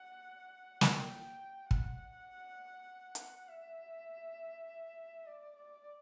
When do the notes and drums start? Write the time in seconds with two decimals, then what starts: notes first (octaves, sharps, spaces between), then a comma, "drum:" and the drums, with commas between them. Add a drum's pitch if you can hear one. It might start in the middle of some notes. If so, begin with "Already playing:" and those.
Already playing: F#5
0.81 G5, drum: snare
1.71 F#5, drum: kick
3.15 drum: hi-hat
3.48 E5
5.26 D5
5.56 D5